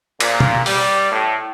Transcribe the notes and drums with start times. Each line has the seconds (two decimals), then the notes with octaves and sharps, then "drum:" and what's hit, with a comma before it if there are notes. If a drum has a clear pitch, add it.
0.20 A#2, drum: cymbal
0.40 drum: tom B2
0.66 G3, drum: open hi-hat
1.12 A2